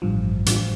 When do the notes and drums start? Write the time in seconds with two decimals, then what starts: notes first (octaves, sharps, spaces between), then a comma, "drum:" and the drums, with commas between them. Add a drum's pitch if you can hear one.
0.02 A1 G2 F3
0.46 A1 G2 F3, drum: hi-hat